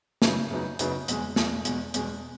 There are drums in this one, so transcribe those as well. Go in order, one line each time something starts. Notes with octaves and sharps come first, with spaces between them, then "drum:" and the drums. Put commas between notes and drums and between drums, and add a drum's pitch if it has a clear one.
F#2 C#3 F#3 B3 D#4, drum: snare
F#2 C#3 F#3 B3 D#4
F#2 C#3 F#3 B3 D#4, drum: hi-hat
E2 B2 G#3, drum: hi-hat
E2 B2 G#3, drum: snare
E2 B2 G#3, drum: hi-hat
E2 B2 G#3, drum: hi-hat